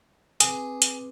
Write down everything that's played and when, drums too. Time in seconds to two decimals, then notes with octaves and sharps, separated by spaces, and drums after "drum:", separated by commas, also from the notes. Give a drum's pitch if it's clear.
0.40 C4 G#4 B4 D6, drum: hi-hat
0.82 drum: hi-hat